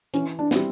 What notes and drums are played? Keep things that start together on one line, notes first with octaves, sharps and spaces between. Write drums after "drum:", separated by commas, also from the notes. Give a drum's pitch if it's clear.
E3 C#4, drum: hi-hat
D4
G3 C4 E4, drum: snare